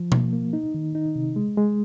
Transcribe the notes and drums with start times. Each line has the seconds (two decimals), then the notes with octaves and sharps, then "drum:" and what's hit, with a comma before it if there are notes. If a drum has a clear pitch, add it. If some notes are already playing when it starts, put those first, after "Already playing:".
Already playing: F3
0.12 A#3, drum: tom B2
0.33 A#3
0.53 D#4
0.74 D#3
0.95 D#4
1.16 C3
1.36 G#3
1.57 G#3